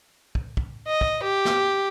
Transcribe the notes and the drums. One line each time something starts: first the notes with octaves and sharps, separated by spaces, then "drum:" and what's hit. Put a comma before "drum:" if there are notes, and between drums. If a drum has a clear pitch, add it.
drum: kick
drum: kick
D#5
drum: kick
G4
drum: snare